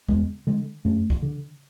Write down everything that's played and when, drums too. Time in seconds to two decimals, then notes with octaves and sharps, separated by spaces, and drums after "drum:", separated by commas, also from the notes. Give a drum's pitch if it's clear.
0.09 E2 G#3, drum: kick
0.47 D3 G#3
0.85 F#2 A3
1.10 drum: kick
1.23 D3